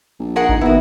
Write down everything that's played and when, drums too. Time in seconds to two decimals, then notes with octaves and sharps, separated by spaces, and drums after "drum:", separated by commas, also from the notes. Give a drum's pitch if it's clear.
0.20 A#1
0.36 G#4 A#4 F#5
0.49 D#4, drum: kick G#1
0.61 D#3 B3 E4 F#4